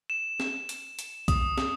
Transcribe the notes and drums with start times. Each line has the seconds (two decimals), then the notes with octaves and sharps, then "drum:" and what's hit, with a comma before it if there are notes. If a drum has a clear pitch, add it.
0.10 E7
0.40 drum: snare
0.69 drum: hi-hat
0.99 drum: hi-hat
1.28 D#6, drum: kick B1, hi-hat
1.58 drum: snare